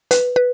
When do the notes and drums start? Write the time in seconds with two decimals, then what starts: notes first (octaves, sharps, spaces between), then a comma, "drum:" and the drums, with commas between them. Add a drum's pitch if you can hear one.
0.11 B4, drum: hi-hat
0.36 B4